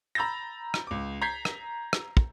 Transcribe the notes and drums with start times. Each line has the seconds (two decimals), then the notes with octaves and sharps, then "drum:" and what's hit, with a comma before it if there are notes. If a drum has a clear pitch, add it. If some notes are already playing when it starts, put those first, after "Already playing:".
0.15 A#5 B5 E6 G6 A6 A#6
0.74 drum: rim click
0.87 C#2 D6
1.22 A#5 G6 G#6 B6 C7
1.45 drum: rim click
1.93 drum: rim click
2.17 drum: kick